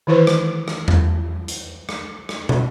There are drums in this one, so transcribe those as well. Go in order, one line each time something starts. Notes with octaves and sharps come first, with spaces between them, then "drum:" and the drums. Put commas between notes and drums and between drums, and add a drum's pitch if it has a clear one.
D#3 E3 E4 B4 C5
drum: rim click
drum: rim click
drum: tom E2
drum: hi-hat
drum: rim click
drum: rim click
drum: tom